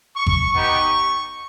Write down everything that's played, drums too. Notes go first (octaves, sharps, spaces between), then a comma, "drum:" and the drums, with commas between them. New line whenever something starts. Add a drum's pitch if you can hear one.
C#6
drum: kick G#1
B3 D#4 G4 C#6